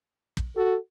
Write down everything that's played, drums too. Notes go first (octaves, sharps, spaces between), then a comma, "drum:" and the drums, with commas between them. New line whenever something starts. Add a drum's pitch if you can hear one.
drum: kick
F#4 A4